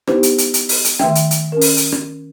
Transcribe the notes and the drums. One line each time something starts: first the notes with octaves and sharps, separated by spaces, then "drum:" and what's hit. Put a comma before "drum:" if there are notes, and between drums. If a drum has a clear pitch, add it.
B3 D#4 E4 G4 B4 C5, drum: rim click
drum: hi-hat
drum: hi-hat
drum: hi-hat
drum: open hi-hat
drum: hi-hat
D#3 A3 E5 G5, drum: rim click
drum: hi-hat
drum: hi-hat
C#4 A#4
drum: open hi-hat
drum: hi-hat
drum: rim click